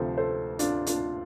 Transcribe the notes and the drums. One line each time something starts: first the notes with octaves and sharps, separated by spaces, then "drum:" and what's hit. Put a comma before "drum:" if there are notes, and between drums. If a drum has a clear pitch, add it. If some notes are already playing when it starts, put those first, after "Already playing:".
Already playing: D2 C3 F3 A4 C5
A4 C5
D4 F4, drum: hi-hat
D4 F4, drum: hi-hat